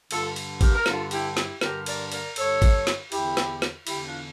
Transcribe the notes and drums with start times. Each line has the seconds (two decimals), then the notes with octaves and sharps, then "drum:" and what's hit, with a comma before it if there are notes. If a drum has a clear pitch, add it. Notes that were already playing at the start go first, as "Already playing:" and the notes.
0.11 G2 D3 F4 A4, drum: cymbal
0.36 drum: cymbal
0.61 G4 A#4, drum: kick, cymbal
0.75 A#4
0.86 G2 D3 F4 A4, drum: snare
1.11 E4 G4, drum: cymbal
1.37 E4 G4, drum: snare
1.61 G2 D3 G4 A#4, drum: snare
1.86 A#4 D5, drum: cymbal
2.12 A#4 D5, drum: cymbal
2.36 G2 D3 A4 C#5, drum: cymbal
2.62 drum: kick, cymbal
2.87 drum: snare
3.12 E2 D3 E4 G4, drum: cymbal
3.37 drum: snare
3.62 drum: snare
3.87 E2 D3 E4 G4, drum: cymbal
4.06 D4 F4